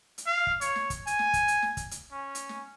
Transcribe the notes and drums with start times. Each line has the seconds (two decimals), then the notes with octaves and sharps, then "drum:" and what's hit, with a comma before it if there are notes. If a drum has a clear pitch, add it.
0.18 drum: hi-hat
0.27 F5
0.47 drum: kick
0.61 C#5, drum: hi-hat
0.76 drum: snare
0.90 drum: kick, hi-hat
1.07 G#5, drum: hi-hat
1.19 drum: snare
1.33 drum: kick, hi-hat
1.48 drum: hi-hat
1.62 drum: snare
1.77 drum: kick, hi-hat
1.91 drum: hi-hat
2.12 C#4
2.35 drum: hi-hat
2.49 drum: snare